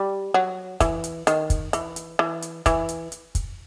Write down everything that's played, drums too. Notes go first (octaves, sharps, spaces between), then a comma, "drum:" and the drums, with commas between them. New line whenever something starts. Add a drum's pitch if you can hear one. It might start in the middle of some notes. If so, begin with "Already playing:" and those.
Already playing: G3
F#3
E3, drum: kick, hi-hat
drum: hi-hat
D#3, drum: hi-hat
drum: kick, hi-hat
E3, drum: hi-hat
drum: hi-hat
E3
drum: hi-hat
E3, drum: kick, hi-hat
drum: hi-hat
drum: hi-hat
drum: kick, hi-hat